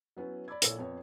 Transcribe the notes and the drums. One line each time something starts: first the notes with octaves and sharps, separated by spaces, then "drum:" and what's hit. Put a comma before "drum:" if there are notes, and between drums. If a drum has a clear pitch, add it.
F#3 B3 C#4 E4
D5 B5 D6 E6 G#6
A#1 A#2 E4 A4 C#5 E6, drum: hi-hat
F2 B3 C#5